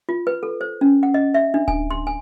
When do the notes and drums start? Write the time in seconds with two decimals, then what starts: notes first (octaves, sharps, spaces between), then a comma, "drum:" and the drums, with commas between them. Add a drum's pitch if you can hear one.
0.09 F4
0.27 B4
0.43 A4
0.61 C5
0.81 C#4
1.03 F#5
1.14 D#5
1.34 E5
1.54 D4
1.68 G#5, drum: kick D1
1.91 C6
2.07 G#5